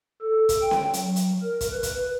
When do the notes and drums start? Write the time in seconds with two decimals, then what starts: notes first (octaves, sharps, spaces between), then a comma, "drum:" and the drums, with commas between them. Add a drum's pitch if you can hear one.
0.22 A4
0.49 drum: kick, hi-hat
0.62 G5
0.71 drum: snare C#4
0.93 F#3, drum: hi-hat
1.16 drum: hi-hat
1.42 A#4
1.61 drum: kick, hi-hat
1.72 B4
1.83 drum: kick, hi-hat